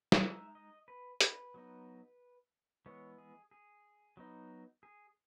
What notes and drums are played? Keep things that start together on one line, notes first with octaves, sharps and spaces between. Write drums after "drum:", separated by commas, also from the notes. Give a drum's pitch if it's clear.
drum: snare
G#3 D#4 E5
D#5
B4
B4, drum: hi-hat
F#3 B3 D#4
E3 G#3 B3 C#5
G#4
G#4
F#3 B3 D#4
G#4